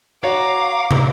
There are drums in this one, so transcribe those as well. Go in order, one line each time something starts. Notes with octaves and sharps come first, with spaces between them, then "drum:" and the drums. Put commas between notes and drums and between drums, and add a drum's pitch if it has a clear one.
F#4 C#5 F5 A#5 D6
drum: tom